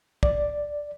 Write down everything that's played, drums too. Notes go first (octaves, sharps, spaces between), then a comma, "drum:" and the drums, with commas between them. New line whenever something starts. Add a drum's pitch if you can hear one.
D5, drum: kick